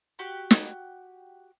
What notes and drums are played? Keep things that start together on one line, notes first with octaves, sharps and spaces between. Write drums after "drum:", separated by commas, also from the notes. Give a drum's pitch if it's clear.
F#4 G4
drum: snare